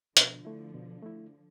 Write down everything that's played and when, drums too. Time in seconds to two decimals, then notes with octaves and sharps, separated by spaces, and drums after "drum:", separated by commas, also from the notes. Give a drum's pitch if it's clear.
0.17 B2 D3 F3, drum: hi-hat
0.45 A3 E4
0.75 B2
1.03 A3 E4